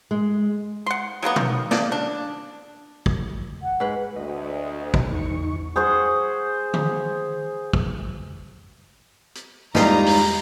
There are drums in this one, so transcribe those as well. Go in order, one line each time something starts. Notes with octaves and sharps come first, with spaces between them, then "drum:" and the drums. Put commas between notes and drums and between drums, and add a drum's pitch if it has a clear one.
G#3
F#5 C6
F#3 G#3 A#3 B3
D#3, drum: tom B2
C#3 A#3 D5, drum: snare
D4
drum: kick
F#5
G#2 B4
D2 D#5
drum: kick
E2 D#4 C#6
G#4 C5 F#5 C#6
drum: tom D3
drum: kick
drum: hi-hat
E2 G3 G#3 D#4 F4 B4 A#5, drum: snare
drum: open hi-hat